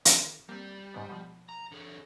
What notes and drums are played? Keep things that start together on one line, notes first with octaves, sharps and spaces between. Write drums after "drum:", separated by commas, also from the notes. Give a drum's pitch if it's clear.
D#3 D#4 A4, drum: hi-hat
G3 A#3 C4
G#2 C#3 B3
B2 F3
A#5
D3 G#4